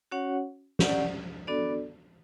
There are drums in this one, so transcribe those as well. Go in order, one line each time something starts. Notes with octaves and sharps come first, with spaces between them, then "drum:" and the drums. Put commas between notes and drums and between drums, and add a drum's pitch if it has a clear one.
C#4 F#4 C#5 F#5
C#4 G4 D5 F#5, drum: snare
B3 D4 F#4 A4 D5